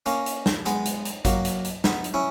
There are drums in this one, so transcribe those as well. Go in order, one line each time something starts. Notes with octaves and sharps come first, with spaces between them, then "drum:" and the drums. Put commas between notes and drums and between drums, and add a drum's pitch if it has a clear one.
A#3 C#4, drum: hi-hat
drum: hi-hat
drum: snare
G#3 B3, drum: hi-hat
drum: hi-hat
drum: hi-hat
F#3 A#3, drum: kick A1, hi-hat
drum: hi-hat
drum: hi-hat
B3 D#4, drum: snare
drum: hi-hat
C#4 E4